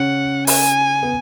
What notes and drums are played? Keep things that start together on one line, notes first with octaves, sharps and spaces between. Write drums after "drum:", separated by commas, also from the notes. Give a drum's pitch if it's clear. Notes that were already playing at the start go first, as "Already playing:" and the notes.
Already playing: C#3 C#4 F#5
G#5, drum: open hi-hat
B3